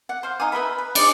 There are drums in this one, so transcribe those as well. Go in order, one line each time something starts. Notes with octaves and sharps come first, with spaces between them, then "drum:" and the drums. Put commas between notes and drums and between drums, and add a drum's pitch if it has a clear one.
F#5
C5 F5
D#4 F5 G#5 D#6
B4 D#5 E5 B5
B4
D5 D#5, drum: cymbal